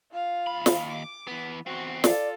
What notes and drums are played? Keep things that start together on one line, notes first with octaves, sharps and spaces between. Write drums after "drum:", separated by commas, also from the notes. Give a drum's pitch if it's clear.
F4 F5
D#2 B5
drum: snare
D6
E3 B3
E2 C4 F#4
F4 A4 D5, drum: snare